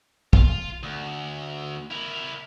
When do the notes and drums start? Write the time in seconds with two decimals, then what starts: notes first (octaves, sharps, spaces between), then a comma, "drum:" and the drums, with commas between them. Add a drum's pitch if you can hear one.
0.33 F4, drum: kick
0.83 D2
1.91 E4 A#4